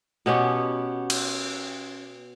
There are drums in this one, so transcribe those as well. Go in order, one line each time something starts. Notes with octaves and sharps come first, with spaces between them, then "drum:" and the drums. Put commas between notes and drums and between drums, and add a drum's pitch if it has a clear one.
B2 B3 C#4 G4
drum: cymbal